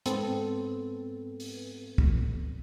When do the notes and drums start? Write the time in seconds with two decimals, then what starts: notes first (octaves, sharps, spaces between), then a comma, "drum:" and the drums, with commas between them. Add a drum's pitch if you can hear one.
0.06 G#2 B3 C4 A4, drum: hi-hat
1.40 drum: open hi-hat
1.98 drum: kick